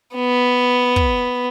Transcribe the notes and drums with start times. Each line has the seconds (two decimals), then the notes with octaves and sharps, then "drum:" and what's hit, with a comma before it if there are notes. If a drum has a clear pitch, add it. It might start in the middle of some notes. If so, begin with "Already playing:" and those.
0.15 B3
0.96 drum: kick